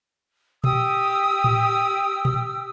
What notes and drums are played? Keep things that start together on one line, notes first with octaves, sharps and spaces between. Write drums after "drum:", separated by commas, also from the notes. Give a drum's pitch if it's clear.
G4 D#6 E6, drum: tom A#2
drum: tom A2
drum: tom A#2